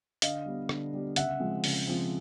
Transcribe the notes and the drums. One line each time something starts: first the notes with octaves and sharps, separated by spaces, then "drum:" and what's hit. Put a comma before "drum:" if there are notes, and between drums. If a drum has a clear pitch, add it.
D3 D#5 F5, drum: hi-hat
G3 B3
D3, drum: rim click
G3 B3
C#3 E5 F#5, drum: hi-hat
F3 G#3 C4
C#3, drum: open hi-hat
F3 G#3 C4